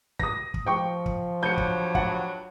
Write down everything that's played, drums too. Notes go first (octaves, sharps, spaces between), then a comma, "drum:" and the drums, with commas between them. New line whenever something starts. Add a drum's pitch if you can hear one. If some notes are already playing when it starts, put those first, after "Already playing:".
D#6 A#6, drum: kick
drum: kick
F3 G5 C#6
drum: kick
G2 F#3 G6 C#7
drum: kick
F#5 A5, drum: kick